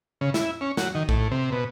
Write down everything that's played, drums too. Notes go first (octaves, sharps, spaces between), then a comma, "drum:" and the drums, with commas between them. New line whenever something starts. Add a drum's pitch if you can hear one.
C#3
E4, drum: snare
C#4
F#3, drum: snare
D#3
A2, drum: kick A#1
C3
B2